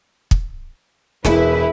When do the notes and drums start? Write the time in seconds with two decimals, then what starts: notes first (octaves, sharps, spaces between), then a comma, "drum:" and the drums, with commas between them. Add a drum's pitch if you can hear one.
0.31 drum: kick
1.25 E1 E4 B4, drum: snare